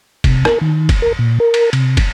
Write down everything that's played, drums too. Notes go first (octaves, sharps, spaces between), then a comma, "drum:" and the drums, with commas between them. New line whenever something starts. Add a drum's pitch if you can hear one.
C3, drum: kick, cymbal
A#4, drum: rim click
D#3
drum: kick, cymbal
A#4
A#2
A#4
drum: cymbal
C3, drum: cymbal
drum: kick, cymbal